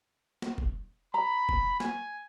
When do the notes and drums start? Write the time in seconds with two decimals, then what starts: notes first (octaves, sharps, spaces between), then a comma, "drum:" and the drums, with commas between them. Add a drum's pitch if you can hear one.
0.42 drum: snare
0.58 drum: kick F1
1.14 A#5 B5
1.49 drum: kick F1
1.80 G#5, drum: snare